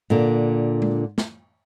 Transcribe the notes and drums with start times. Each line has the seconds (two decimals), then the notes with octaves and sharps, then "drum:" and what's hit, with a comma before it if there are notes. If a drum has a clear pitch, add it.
0.10 A#2 D3
0.82 drum: tom G#3
1.18 drum: snare